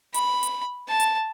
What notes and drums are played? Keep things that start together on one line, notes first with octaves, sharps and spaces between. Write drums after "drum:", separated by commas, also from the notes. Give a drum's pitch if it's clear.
B5, drum: hi-hat
drum: hi-hat
A5
drum: hi-hat